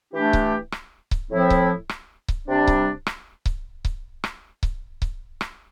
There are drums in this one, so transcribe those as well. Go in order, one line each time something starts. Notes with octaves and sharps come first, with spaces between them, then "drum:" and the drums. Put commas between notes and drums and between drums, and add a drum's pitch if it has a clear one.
E3 A3 D4 G4
drum: kick C#1
drum: rim click
drum: kick C#1
A2 F3 C4 E4
drum: kick C#1
drum: rim click
drum: kick C#1
C3 G3 D4
drum: kick C#1
drum: rim click
drum: kick C#1
drum: kick C#1
drum: rim click
drum: kick C#1
drum: kick C#1
drum: rim click